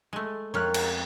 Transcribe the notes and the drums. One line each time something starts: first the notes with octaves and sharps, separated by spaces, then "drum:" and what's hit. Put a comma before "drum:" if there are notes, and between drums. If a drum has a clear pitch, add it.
G#3 A3
F2 C#4 A#4 C#5 F6 F#6
drum: cymbal